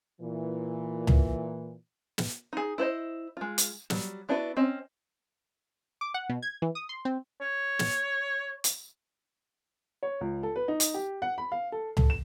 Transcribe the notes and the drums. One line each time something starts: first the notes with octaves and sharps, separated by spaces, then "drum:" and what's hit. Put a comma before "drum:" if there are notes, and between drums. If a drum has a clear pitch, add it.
A#2 E3
drum: tom C#2
drum: snare
D#4 G#4
E4 B4 C5 D#5
G#3 F4
drum: hi-hat
F#3 G3, drum: snare
B3 D4 E4 F#4 B4
C4 C#4 D#5
D6
F#5
B2
G#6
E3
D#6
C6
C4
C#5
drum: snare
drum: hi-hat
C#5
C#2
A4
B4
D#4
drum: hi-hat
G4
F#5
B5
F5
A4
A4, drum: tom C#2
E7